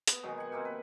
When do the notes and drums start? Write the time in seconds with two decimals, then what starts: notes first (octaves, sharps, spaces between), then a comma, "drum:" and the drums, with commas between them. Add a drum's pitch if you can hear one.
0.08 B3, drum: hi-hat
0.23 B2 D#3 F#3 G#3
0.38 F#5 G#5
0.52 C3 A#3 C4
0.65 B4